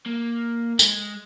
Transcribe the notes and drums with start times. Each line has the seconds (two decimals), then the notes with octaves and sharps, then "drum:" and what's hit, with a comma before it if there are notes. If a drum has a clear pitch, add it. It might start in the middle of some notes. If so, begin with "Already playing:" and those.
0.06 A#3
0.79 G#3, drum: tambourine